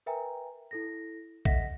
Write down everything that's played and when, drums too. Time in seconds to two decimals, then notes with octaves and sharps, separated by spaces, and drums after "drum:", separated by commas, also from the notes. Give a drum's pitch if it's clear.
0.06 A#4 B4 E5 G5 G#5 A#5
0.71 E4 A4 A#6
1.45 A4 D#5 E5 F#5 A#6 B6, drum: kick